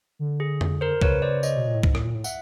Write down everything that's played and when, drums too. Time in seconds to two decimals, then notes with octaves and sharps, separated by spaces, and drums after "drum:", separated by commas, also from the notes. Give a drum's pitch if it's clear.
0.19 D3
0.40 G#4
0.61 drum: tom F2
0.81 A#4 C5
1.02 C#3 B4 C#5, drum: kick C2
1.22 C5 D5
1.43 C#5 D#5, drum: tambourine
1.57 B2
1.67 A#2
1.75 A2
1.83 G#2, drum: kick C2
1.95 A2, drum: rim click
2.04 A#2
2.15 A2
2.24 E5 F#5, drum: tambourine